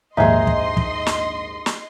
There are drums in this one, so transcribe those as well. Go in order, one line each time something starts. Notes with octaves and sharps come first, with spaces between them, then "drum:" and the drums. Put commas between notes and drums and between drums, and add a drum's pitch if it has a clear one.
A#1 D#2 G#2 D#4 G#4 D#5 E5 C6
drum: kick
drum: kick
drum: snare
drum: snare